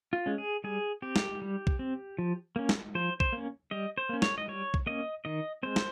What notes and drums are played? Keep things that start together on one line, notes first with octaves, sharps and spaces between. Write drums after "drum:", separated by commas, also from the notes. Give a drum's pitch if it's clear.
F4
G#3 C#4
G#4
G3 G#4
C4 G4
drum: snare
G3
drum: kick B1
C4
F3
A#3 C#4
drum: snare
F3 C5
C5, drum: kick B1
A#3 C#4
G3 D#5
C5
A#3 C#4
C#5, drum: snare
D#5
G3 C#5
drum: kick B1
A#3 C#4 D#5
D#3 D#5
G#3 C4 C5
drum: snare